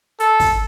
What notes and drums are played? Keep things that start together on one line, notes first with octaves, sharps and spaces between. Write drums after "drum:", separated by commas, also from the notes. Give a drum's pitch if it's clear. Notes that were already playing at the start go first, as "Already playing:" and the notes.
A4, drum: hi-hat
drum: kick, open hi-hat